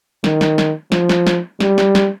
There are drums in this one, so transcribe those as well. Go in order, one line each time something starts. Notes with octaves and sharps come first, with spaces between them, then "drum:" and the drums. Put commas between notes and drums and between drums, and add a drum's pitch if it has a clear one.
D#3, drum: snare
drum: snare
drum: snare
F3, drum: snare
drum: snare
drum: snare
G3, drum: snare
drum: snare
drum: snare